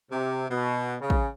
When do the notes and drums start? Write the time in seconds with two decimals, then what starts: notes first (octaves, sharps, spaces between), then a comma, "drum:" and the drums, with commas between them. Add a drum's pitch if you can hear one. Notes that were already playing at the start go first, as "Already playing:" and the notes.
0.11 C3
0.51 B2
1.01 C#3
1.10 drum: kick